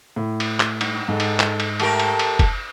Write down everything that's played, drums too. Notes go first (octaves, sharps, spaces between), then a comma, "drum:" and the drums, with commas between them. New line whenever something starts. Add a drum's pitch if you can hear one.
A2
drum: cymbal
drum: clap
G2, drum: cymbal
G#2 A4
drum: cymbal
drum: clap
drum: cymbal
A3 G4 A#4 A5, drum: cymbal
drum: cymbal
drum: cymbal
drum: kick, cymbal